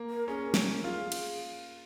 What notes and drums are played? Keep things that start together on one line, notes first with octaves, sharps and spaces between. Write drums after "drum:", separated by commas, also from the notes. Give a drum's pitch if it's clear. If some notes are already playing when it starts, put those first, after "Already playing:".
Already playing: A#3
A#4
C#4 G#4
drum: snare
A#4
F4 G#4
G#4, drum: cymbal